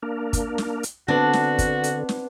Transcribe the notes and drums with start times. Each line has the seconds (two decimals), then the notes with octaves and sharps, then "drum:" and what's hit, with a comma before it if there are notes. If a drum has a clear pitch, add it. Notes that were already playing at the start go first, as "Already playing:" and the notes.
0.03 A#3 D4 A#4
0.33 drum: kick, hi-hat
0.58 drum: snare
0.83 drum: hi-hat
1.08 D3 B3 C4 D4 F#4
1.33 drum: snare
1.58 drum: kick, hi-hat
1.84 drum: hi-hat
2.09 drum: snare